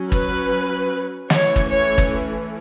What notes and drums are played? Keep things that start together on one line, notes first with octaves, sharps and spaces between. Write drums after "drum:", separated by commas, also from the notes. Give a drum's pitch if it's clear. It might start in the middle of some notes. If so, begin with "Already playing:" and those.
Already playing: F#3 C#4
B4, drum: kick
E3 A3 C#4 C#5, drum: snare
drum: kick
C#5
drum: kick